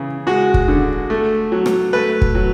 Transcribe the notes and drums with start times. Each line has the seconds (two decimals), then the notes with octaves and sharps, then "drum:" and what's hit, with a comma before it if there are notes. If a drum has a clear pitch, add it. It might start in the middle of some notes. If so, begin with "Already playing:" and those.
Already playing: C#3 E3
0.27 G#3 F#4
0.54 drum: kick
0.68 D3
1.10 A3
1.52 F#3
1.66 drum: rim click
1.93 A3 B4
2.22 drum: kick
2.35 F#3